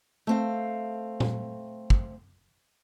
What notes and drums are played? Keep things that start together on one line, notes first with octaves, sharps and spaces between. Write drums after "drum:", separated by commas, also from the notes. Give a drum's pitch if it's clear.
A3 C4 F5
drum: tom
drum: kick